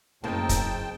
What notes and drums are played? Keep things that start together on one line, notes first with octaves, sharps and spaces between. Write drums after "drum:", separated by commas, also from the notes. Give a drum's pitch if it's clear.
F#1 A2 C#3 A#3 C4 D#4 G5 A5
drum: kick, hi-hat